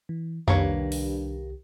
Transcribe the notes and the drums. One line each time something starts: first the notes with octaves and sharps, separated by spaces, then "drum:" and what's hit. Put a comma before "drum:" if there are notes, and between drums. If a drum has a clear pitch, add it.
E3
C2 G2 D#3 A#3 G4 B4 C#5, drum: tom F2
drum: open hi-hat